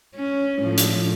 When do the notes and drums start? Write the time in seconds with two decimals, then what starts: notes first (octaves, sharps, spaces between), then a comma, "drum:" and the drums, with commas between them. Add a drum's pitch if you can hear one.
0.15 C#4
0.60 A2 F3 A3
0.78 drum: hi-hat